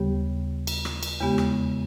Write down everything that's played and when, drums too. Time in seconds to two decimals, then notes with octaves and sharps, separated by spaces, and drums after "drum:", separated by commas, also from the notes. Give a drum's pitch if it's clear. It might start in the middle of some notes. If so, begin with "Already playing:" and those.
Already playing: D#2 C#3 G3 B3 G4
0.67 drum: cymbal
0.85 drum: rim click
1.03 drum: cymbal
1.20 E2 C#3 G#3 B3 G4
1.38 drum: rim click